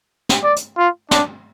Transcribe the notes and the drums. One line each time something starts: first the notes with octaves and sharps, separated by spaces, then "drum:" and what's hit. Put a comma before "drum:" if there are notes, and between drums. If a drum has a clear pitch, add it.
drum: snare
D5
drum: hi-hat
F4
D4, drum: snare